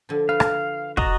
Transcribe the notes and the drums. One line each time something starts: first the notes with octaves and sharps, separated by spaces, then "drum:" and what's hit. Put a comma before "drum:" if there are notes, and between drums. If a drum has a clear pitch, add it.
D3 F3
B4 F5
drum: rim click
F#4 D5 D#5 A#5, drum: kick